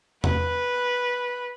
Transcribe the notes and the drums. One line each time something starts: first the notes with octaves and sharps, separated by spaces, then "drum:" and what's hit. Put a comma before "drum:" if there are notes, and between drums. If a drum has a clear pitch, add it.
B4, drum: tom E2